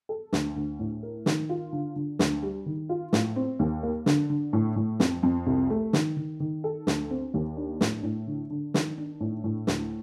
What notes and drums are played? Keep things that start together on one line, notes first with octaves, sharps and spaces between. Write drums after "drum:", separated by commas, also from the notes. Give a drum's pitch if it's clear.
A4
D2, drum: snare
D2
A2
A#4
D#3, drum: snare
F4
D3
D3
D2, drum: snare
G3
D#3
F4
A2, drum: snare
C4
D#2
A#3
D3, drum: snare
D3
A2
A2
F2, drum: snare
F2
C2
A3
D#3, drum: snare
D#3
D#3
A4
D2, drum: snare
C4
D#2
D4
A2, drum: snare
A2
D3
D3
D#3, drum: snare
D4
A2
A2
D2, drum: snare